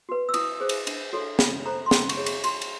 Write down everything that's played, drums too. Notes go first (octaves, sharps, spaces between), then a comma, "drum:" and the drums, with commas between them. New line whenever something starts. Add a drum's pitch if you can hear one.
F#4 B4
E6
E4 D#6, drum: cymbal
G#4 C5
drum: cymbal
D4, drum: cymbal
F#4 A4 C#5
E4 B5, drum: snare
A4 C5 A#5
C6
D#4 B5, drum: snare
C#6, drum: cymbal
G#4 C#5
C#6, drum: cymbal
F#4 C6, drum: cymbal
drum: cymbal